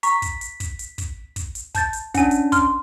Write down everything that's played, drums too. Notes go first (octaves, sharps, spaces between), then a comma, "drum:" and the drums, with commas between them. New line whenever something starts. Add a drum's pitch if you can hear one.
A#5 C#6 B6, drum: hi-hat
drum: kick, hi-hat
drum: hi-hat
drum: kick, hi-hat
drum: hi-hat
drum: kick, hi-hat
drum: kick, hi-hat
drum: hi-hat
A5 G6 A6, drum: kick, hi-hat
drum: hi-hat
C#4 D4 F#5 G#5, drum: kick, hi-hat
drum: hi-hat
C6 F6, drum: kick, hi-hat